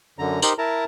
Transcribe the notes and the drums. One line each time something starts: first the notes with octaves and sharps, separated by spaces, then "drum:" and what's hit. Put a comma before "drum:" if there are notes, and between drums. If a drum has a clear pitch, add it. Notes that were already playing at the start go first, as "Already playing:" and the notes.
F#2 D3 A#5
D#4 G4 A#4 C5, drum: tambourine
E4 A#4 A5 A#5